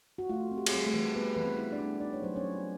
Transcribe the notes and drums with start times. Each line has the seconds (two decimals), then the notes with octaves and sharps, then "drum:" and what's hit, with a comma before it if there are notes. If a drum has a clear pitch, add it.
0.18 F#4
0.30 A3 F4
0.51 C4
0.58 G4
0.66 G#4, drum: cymbal
0.72 G3 C4 G4
0.87 A3 A4
0.94 E3
1.15 A3 B3 B4
1.35 E3 B4
1.44 C4 C5
1.58 E4
1.72 D4 D5
1.80 A3
2.00 D#4 D5
2.13 C#5
2.22 F#3 C5
2.36 C#4 C#5
2.44 F#3